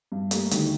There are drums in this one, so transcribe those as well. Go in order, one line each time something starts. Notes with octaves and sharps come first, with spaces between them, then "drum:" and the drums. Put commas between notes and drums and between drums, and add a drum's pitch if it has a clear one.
G2
G3 A3 A#3, drum: hi-hat
D2 D#3 G3, drum: hi-hat